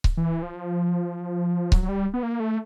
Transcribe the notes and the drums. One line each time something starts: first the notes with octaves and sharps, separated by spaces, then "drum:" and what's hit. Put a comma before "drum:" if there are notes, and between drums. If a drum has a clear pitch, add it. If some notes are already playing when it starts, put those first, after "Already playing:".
drum: kick C#1
E3
F3
F#3, drum: kick C#1
F#3
G3
B3
A#3
A3